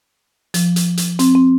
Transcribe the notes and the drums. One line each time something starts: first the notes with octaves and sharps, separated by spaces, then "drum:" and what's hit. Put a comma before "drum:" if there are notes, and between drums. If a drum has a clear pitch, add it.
F3, drum: hi-hat
drum: hi-hat
drum: hi-hat
C4, drum: hi-hat
C4